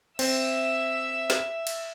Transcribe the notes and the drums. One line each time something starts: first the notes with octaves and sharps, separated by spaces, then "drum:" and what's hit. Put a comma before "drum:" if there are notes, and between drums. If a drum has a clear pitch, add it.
C4 E5 E6, drum: cymbal
drum: snare
drum: cymbal